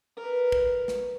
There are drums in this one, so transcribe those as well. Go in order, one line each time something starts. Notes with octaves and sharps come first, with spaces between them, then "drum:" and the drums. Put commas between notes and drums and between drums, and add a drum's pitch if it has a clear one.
A#4 B4
drum: kick
drum: snare